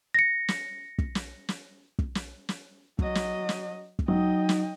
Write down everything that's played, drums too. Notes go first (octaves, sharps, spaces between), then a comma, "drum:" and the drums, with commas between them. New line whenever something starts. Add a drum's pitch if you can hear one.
A#6 C#7
drum: snare
drum: kick
drum: snare
drum: snare
drum: kick
drum: snare
drum: snare
F#3 D#5, drum: kick
drum: snare
drum: snare
drum: kick
F#3 D#4 D#5 G5
drum: snare